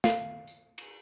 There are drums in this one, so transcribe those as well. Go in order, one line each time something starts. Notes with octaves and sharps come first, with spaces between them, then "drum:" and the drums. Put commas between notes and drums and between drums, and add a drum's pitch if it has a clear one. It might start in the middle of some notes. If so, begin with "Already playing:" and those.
F5, drum: snare
drum: tambourine
drum: cymbal